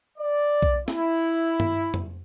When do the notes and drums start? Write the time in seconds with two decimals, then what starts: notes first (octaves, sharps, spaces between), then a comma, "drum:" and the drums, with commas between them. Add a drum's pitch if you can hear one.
0.18 D5
0.63 drum: kick B1
0.88 E4, drum: snare
1.60 drum: tom G2
1.94 drum: tom F2